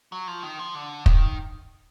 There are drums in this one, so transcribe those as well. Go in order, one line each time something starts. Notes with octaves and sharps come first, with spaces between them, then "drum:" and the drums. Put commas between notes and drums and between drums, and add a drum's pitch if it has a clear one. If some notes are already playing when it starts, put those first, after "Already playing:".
F#3
F3
D#3
F3
D3
D#3, drum: kick